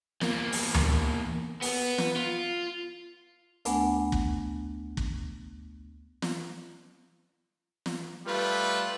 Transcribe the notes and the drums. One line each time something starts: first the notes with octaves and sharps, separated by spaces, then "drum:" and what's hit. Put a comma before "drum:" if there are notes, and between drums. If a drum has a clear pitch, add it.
E2 A#3, drum: snare
drum: open hi-hat
drum: tom D2
B3, drum: open hi-hat
drum: snare
F4
D2 A3 B3 D4 F#5 G#5, drum: hi-hat
drum: kick
drum: kick
drum: snare
drum: snare
G3 A3 F4 B4